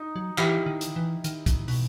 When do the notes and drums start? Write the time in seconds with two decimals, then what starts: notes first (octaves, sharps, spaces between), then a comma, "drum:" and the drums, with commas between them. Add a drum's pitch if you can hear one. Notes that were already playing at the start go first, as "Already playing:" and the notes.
Already playing: D#4
0.16 F#3
0.38 E3 E4 G4, drum: clap
0.66 D#3
0.81 drum: hi-hat
0.96 E3
1.24 D#3, drum: hi-hat
1.46 drum: kick, hi-hat
1.68 B2, drum: open hi-hat